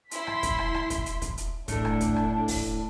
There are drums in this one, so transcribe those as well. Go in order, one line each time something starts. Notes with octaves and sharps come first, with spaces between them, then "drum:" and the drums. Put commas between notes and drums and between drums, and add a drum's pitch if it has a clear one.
E4 C6 B6, drum: hi-hat
drum: rim click
drum: kick, hi-hat
drum: rim click
drum: rim click
drum: kick, hi-hat
drum: hi-hat
drum: kick, hi-hat
drum: hi-hat
A2 A3 D4, drum: kick, hi-hat
drum: rim click
drum: kick, hi-hat
drum: rim click
drum: kick, open hi-hat